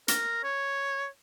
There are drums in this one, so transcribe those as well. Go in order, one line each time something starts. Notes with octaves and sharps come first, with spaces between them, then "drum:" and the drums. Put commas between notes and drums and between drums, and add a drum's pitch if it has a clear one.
A#4, drum: hi-hat
C#5